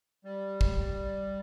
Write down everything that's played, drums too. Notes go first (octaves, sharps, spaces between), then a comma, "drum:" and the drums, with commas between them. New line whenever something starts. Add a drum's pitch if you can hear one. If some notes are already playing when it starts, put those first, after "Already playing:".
G3
drum: kick